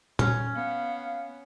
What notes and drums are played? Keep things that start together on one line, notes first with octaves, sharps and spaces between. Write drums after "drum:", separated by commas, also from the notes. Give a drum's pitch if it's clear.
C#4, drum: tom
B3 F5